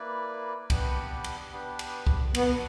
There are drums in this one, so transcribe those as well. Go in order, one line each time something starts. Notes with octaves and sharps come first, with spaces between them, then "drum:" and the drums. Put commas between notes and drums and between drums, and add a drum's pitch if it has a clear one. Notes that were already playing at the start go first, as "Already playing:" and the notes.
Already playing: A#3 E4 B4 D5
B3 D4 G4 B4, drum: kick C2, cymbal
drum: cymbal
B3 D4 G4 B4
drum: cymbal
drum: kick C2
B3 D4 F#4 B4, drum: cymbal